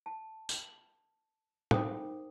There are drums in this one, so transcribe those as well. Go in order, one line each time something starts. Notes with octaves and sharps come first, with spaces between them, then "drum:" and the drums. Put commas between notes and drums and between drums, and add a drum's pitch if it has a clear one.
A5
drum: tambourine
D#4 A#4 C5 G5 D6 D#6, drum: tom